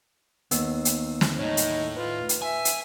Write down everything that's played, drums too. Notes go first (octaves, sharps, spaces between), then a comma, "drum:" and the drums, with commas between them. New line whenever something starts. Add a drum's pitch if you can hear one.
D#2 B3 E6, drum: hi-hat
drum: hi-hat
drum: snare
A2 D#4 C#5
drum: hi-hat
F4 B4
drum: hi-hat
E5 G#5
drum: hi-hat